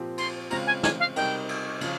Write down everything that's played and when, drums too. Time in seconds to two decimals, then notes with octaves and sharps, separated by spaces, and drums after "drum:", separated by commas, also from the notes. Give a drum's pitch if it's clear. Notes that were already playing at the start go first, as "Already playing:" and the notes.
Already playing: A#2 F3 C4 G4
0.18 C6, drum: cymbal
0.50 C#3 G#3 C4 F4 A#5, drum: cymbal
0.67 G#5
0.83 G#5, drum: snare
1.00 F5
1.16 C3 G3 C4 D#4 A#4 G5, drum: cymbal
1.49 drum: cymbal
1.81 C#3 F3, drum: cymbal